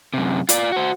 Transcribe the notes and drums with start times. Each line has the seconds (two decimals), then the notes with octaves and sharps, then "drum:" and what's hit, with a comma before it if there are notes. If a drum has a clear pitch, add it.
0.14 F#2 C3
0.49 F4 D5, drum: hi-hat
0.72 F#4 C5